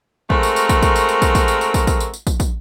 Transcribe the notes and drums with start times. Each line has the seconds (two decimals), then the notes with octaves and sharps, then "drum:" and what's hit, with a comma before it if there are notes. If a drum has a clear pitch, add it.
0.30 G#3 A3 C4 F#4 A#4, drum: kick
0.43 drum: tambourine
0.56 drum: tambourine
0.69 drum: kick, tambourine
0.83 drum: kick, tambourine
0.96 drum: tambourine
1.09 drum: tambourine
1.22 drum: kick, tambourine
1.35 drum: kick, tambourine
1.48 drum: tambourine
1.61 drum: tambourine
1.74 drum: kick, tambourine
1.87 drum: kick, tambourine
2.00 drum: tambourine
2.14 drum: tambourine
2.27 drum: kick, tambourine
2.40 drum: kick, tambourine